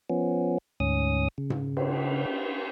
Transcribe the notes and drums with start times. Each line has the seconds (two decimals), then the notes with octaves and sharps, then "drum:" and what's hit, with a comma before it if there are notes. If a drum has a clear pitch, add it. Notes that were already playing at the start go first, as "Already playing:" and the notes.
0.10 F3 B3 C#4
0.80 D2 G#2 C#4 D#6
1.38 C#3
1.50 drum: tom G#2
1.77 drum: cymbal